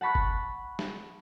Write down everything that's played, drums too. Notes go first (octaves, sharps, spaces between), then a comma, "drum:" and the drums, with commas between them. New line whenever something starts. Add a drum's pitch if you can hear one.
F#5 A5 B5 C#6 F#6
drum: kick
drum: snare